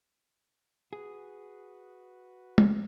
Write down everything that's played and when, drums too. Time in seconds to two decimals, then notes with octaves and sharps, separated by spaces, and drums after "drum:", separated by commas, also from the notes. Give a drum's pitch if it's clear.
0.93 F#4 G#4 B4
2.58 drum: tom